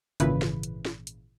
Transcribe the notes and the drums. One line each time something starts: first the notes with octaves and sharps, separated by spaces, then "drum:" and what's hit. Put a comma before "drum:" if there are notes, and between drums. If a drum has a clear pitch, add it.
G#1 A#2 C#3 E3 B4, drum: hi-hat
drum: snare
drum: hi-hat
drum: snare
drum: hi-hat